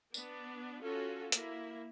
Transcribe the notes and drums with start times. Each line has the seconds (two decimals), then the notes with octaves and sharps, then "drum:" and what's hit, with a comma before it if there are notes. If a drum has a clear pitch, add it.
0.14 B3 D4, drum: tambourine
0.82 C#4 F4 F#4 A4
1.32 A#3 E4, drum: hi-hat